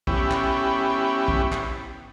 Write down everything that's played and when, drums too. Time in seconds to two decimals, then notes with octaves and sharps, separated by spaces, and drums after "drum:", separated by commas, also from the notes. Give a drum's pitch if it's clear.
0.07 B3 C#4 E4 G4, drum: kick A#1
0.31 drum: clap
1.28 drum: kick A#1
1.52 drum: clap